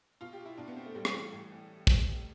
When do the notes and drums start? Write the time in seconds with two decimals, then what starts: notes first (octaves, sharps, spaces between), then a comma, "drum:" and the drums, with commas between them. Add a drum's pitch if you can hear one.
0.21 B2 F4
0.33 G4
0.46 E4
0.58 B2 D4
0.68 B3
0.77 C4
0.86 A3
0.95 A2 G3
1.05 drum: rim click
1.14 E3
1.33 A2
1.52 E3
1.87 drum: kick